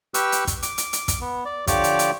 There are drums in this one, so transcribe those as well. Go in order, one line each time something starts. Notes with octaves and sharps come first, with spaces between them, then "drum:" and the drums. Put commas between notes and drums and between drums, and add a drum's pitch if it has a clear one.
G4 B4 C#6 E6, drum: hi-hat
drum: hi-hat
drum: kick, hi-hat
D6, drum: hi-hat
drum: hi-hat
drum: hi-hat
drum: kick, hi-hat
B3
D5
D3 F3 G4 C#5 D5 D6, drum: kick, hi-hat
drum: hi-hat
drum: hi-hat